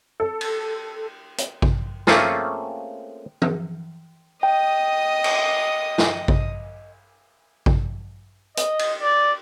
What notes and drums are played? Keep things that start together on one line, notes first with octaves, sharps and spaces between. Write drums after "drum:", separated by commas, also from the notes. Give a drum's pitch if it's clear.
A4
drum: cymbal
drum: hi-hat
drum: kick A1
A3 A#3 C4 C#4 F4 G#4, drum: snare
drum: tom E3
D#5 G5 D#6
drum: cymbal
drum: snare
drum: kick A1
drum: kick A1
D#5, drum: hi-hat
drum: cymbal
D5